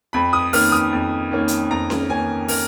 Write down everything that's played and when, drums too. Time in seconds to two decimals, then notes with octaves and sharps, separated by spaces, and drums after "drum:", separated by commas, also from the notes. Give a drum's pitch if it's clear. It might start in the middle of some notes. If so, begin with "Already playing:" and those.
0.13 F2 B5
0.33 D#6
0.53 D#3 A#3 C#4 F6, drum: open hi-hat
0.72 D#6
0.93 F2
1.31 D#3 A#3 C#4
1.48 drum: hi-hat
1.71 F2 A#5
1.90 drum: snare C#4
2.10 D#3 A#3 C#4 G#5
2.48 A#4, drum: open hi-hat